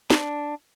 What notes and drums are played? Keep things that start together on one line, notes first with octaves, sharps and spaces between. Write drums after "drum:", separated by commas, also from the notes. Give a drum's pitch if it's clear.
D4, drum: snare